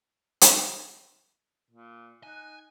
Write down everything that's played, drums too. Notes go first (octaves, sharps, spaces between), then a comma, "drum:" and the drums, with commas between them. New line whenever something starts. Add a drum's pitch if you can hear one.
drum: hi-hat
A#2
D#4 G#5 F#6